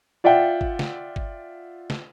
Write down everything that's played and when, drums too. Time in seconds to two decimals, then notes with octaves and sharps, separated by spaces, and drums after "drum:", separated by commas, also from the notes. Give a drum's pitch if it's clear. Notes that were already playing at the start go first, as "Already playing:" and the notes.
0.24 F4 D5 E5 F#5 G5
0.61 drum: kick
0.79 drum: snare
1.16 drum: kick
1.90 drum: snare